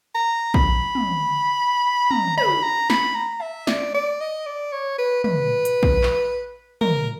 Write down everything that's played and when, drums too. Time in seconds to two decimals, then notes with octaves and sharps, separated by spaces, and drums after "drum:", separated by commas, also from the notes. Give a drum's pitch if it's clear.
0.15 A#5
0.54 B5, drum: kick A#1
0.95 drum: tom
2.11 A#5, drum: tom
2.38 B5, drum: tom
2.63 A#5
2.90 B5, drum: snare
3.15 A#5
3.42 E5
3.67 D5, drum: snare
3.94 D5
4.21 D#5
4.46 D5
4.73 C#5
4.98 B4
5.24 B4, drum: tom
5.65 drum: hi-hat
5.83 drum: kick A#1
6.03 drum: clap
6.81 A#4, drum: tom